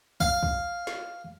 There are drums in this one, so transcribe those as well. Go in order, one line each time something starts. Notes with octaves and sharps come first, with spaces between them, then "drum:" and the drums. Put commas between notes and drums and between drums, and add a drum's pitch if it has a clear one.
F5, drum: kick
drum: kick
drum: snare